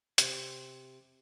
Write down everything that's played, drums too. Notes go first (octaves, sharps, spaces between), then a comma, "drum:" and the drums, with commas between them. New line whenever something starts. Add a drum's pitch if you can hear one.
C3, drum: hi-hat